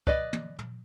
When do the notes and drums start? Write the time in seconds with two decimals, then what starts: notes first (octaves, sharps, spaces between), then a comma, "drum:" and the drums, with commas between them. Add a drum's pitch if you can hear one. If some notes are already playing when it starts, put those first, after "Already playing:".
0.07 B4 D5 D#5, drum: kick
0.33 drum: tom
0.59 drum: tom